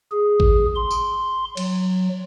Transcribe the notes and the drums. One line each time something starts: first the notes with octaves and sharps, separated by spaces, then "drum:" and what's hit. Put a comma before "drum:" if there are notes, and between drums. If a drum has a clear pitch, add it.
G#4
drum: kick G#1
C6
drum: tambourine
F#3, drum: cymbal